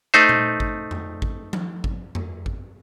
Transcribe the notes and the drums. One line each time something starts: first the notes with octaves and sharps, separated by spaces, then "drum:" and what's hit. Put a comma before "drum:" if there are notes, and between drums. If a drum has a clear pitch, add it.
A3 D#4 C5
drum: tom A#2
drum: kick G#1
drum: tom F2
drum: kick G#1
drum: tom F3
drum: kick G#1
drum: tom F2
drum: kick G#1